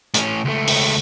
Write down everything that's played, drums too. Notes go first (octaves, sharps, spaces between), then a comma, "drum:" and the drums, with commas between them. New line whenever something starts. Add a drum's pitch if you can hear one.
A2 C#4, drum: hi-hat
C#2 A3
drum: open hi-hat